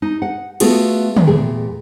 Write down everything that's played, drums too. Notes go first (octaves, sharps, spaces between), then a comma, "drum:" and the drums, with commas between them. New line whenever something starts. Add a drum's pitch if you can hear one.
D#4
F#5
A3 B3 F4 F#4 G#4, drum: cymbal
drum: tom
E2 A#2 A3 G#4 G5